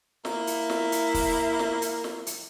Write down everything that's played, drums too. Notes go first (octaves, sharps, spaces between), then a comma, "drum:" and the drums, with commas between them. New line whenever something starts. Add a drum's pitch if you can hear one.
A#3 E4, drum: snare
drum: hi-hat
drum: snare
drum: hi-hat
drum: kick, open hi-hat
drum: snare
drum: hi-hat
drum: snare
drum: hi-hat